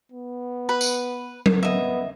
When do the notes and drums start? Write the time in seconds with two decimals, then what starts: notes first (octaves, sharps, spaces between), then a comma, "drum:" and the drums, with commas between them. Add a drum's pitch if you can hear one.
0.12 B3
0.69 B4 B5
0.81 drum: tambourine
1.46 drum: tom F#3
1.63 B3 D#5 E5